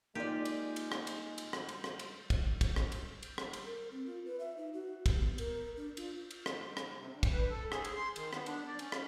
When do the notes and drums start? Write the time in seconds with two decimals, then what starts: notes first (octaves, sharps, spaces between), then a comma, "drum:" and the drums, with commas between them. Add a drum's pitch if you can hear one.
0.15 G#3 A#3 D#4 F4 G4 D5
0.45 drum: cymbal
0.76 drum: cymbal
0.92 drum: rim click
1.07 drum: cymbal
1.38 drum: cymbal
1.53 drum: rim click
1.69 drum: cymbal
1.84 drum: rim click
1.99 drum: cymbal
2.30 drum: kick, cymbal
2.61 drum: kick, cymbal
2.76 drum: rim click
2.92 drum: cymbal
3.23 drum: cymbal
3.38 drum: rim click
3.53 drum: cymbal
3.64 A#4
3.91 C4
4.06 F4
4.26 B4
4.39 E5
4.57 D#4
4.73 F#4
5.06 G4, drum: kick, cymbal
5.18 B3
5.38 A#4, drum: cymbal
5.77 D4
5.97 F4, drum: cymbal
6.31 drum: cymbal
6.46 drum: rim click
6.77 drum: rim click
6.96 C3
7.13 D3
7.23 drum: kick, cymbal
7.33 B4
7.50 A4
7.72 G#4, drum: rim click
7.85 drum: cymbal
7.96 C6
8.16 D#3, drum: cymbal
8.33 B3, drum: rim click
8.46 D4, drum: cymbal
8.66 D5
8.79 C#4, drum: cymbal
8.92 drum: rim click